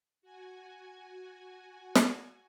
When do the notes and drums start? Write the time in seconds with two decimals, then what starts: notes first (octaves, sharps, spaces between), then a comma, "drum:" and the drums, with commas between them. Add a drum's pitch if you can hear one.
0.22 F#4 G#5
1.96 drum: snare